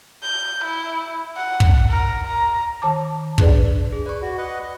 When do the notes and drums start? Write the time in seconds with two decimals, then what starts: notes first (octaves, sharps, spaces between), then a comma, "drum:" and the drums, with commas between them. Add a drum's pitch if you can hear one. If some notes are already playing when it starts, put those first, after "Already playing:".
0.23 G6
0.64 E4
1.37 F#5
1.60 drum: kick
1.90 A#4
2.27 A#5
2.82 D#3 A5 D6
3.38 D4 G#4 B4 D5, drum: kick
3.93 G#4
4.06 B4 D5 C#6
4.22 F#4
4.38 B4 D#5 F#5
4.63 D#5